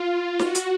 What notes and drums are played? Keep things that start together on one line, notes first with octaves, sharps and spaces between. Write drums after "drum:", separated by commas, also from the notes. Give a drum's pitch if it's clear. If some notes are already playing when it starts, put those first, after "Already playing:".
Already playing: F4
F#4, drum: snare
drum: hi-hat